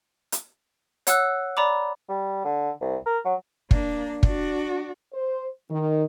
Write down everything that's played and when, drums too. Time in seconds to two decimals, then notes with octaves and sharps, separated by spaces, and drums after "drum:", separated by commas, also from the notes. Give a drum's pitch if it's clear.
0.32 drum: hi-hat
1.07 C#5 F#5 E6 F#6, drum: hi-hat
1.57 D5 A#5 B5 D6
2.09 G3
2.45 D3
2.81 C2
3.06 A#4
3.25 F#3
3.71 A#3 D4, drum: kick
4.23 D4 F#4, drum: kick
5.13 C5
5.70 D#3